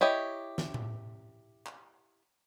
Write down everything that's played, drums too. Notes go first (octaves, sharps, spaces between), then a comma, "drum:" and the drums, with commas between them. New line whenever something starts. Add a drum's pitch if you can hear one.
E4 G4 C#5 D#5
drum: snare
drum: tom A2
drum: clap